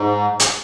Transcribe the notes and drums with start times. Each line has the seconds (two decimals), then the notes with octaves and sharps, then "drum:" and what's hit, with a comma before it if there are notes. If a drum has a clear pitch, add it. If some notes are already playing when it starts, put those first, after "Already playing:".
Already playing: G#2
0.40 drum: hi-hat